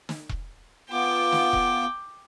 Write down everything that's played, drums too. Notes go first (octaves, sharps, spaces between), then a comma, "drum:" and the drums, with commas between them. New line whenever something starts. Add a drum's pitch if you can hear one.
drum: snare
drum: kick E1
B3 F4 G5 D6
drum: snare
drum: kick E1